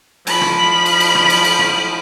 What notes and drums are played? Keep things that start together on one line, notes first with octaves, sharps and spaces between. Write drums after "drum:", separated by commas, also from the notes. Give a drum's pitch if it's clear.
F3 B5, drum: cymbal
drum: rim click
drum: cymbal
drum: cymbal
drum: rim click
drum: cymbal
drum: cymbal
drum: rim click